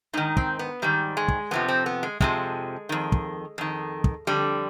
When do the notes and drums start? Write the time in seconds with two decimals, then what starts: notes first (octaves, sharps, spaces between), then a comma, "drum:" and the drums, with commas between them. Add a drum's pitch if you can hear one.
0.13 G#2 D#3 D#4
0.37 C4, drum: kick
0.59 B3
0.82 G#2 D#3 G3
1.17 G#3
1.28 drum: kick
1.51 F2 C3 F3 B3
1.68 C4
1.86 B3
2.03 G#3
2.20 F2 C3 F3 G#3, drum: kick
2.89 F2 D#3
3.12 drum: kick
3.58 F2 D#3
4.04 drum: kick
4.27 F2 D3 G3